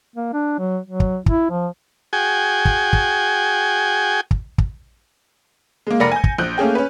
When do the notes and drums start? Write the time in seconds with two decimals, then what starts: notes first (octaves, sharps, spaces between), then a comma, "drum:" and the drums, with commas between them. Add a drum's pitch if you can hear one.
0.16 A#3
0.33 D4
0.59 F#3
0.86 F#3
1.00 drum: kick
1.26 E4, drum: kick
1.50 F3
2.13 F#4 G#4 G5 G#5
2.65 drum: kick
2.93 drum: kick
4.31 drum: kick
4.58 drum: kick
5.87 G#3 A#3
6.00 F1 A#4 D5 B5 A#6 C#7
6.12 G#5 G6
6.24 drum: kick
6.38 A#1 F#6 G6
6.58 A3 A#3 C#4 G#4 G5
6.75 C#4 B4